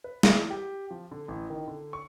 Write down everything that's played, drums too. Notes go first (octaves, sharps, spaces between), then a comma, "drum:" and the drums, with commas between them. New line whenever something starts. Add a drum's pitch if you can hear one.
B4
E3, drum: snare
G4
F3
D3
A1
D#3
D3
C#6